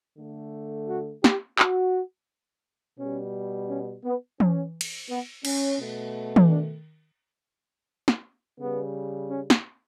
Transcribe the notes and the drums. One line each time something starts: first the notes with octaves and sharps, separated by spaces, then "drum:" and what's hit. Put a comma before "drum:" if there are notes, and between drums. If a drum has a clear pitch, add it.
D3 A3
F#4
G4, drum: snare
F#4, drum: clap
B2 G3 C#4
C#4
B3
C#4, drum: tom E3
drum: cymbal
B3
C#4, drum: cymbal
B2 A3
drum: tom
D4
drum: snare
C#3 G3 B3
C#4
drum: snare